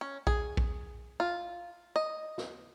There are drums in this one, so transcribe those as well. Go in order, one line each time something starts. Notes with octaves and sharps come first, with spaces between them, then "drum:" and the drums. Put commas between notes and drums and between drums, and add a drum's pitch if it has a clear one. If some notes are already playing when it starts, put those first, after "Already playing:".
C#4
G#4, drum: kick A#1
drum: kick A#1
F4
D#5
drum: snare